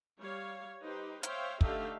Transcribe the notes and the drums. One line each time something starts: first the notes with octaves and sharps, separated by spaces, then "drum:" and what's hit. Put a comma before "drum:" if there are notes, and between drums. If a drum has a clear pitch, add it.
G3 C#5 F5
D#4 G4 B4 C5
C5 C#5 E5 F5 G5, drum: hi-hat
D3 A3 D#4 G4 E5 F5, drum: kick